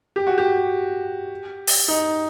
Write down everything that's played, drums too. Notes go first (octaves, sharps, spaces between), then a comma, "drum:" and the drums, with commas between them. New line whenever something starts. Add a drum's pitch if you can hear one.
G4
F#4
G4
drum: open hi-hat
D#4